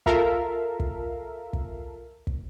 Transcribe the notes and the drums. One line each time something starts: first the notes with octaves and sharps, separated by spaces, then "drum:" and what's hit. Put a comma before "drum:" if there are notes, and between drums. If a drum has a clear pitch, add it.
F4 A4 A#4 E5 F5, drum: kick
drum: kick
drum: kick
drum: kick